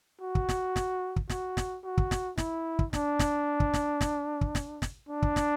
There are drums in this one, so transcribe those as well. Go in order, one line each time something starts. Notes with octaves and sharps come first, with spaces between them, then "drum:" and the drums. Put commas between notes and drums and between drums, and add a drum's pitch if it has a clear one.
F#4
drum: kick
drum: snare
drum: snare
drum: kick
F#4, drum: snare
drum: snare
F#4
drum: kick
drum: snare
E4, drum: snare
drum: kick
D4, drum: snare
drum: snare
drum: kick
drum: snare
drum: snare
drum: kick
drum: snare
drum: snare
D4
drum: kick
drum: snare